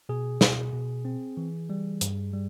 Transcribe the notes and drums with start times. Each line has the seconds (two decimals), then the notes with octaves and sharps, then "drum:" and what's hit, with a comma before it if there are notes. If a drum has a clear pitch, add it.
0.09 B2 G#4
0.41 B2, drum: snare
0.73 B2
1.05 C4
1.37 E3
1.70 G3
2.01 G2, drum: hi-hat
2.33 G3